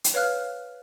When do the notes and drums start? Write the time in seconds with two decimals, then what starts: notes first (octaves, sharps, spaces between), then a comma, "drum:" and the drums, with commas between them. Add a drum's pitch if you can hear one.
0.04 drum: hi-hat
0.14 B4 C#5 F5 F6 F#6